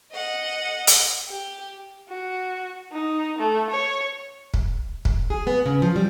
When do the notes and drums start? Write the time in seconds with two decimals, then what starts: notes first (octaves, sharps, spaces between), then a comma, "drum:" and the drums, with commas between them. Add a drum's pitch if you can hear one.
0.13 D#5 F#5
0.87 drum: hi-hat
1.29 G4
2.09 F#4
2.92 D#4
3.39 A3
3.70 C#5
4.54 drum: kick
5.05 drum: kick
5.30 G#4
5.47 B3
5.66 C#3
5.82 F3
5.96 G3